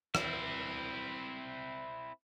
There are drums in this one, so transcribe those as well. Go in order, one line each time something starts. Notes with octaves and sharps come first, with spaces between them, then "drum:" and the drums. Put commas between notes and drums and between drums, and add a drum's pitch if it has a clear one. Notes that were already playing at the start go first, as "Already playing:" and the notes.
C4 E4, drum: rim click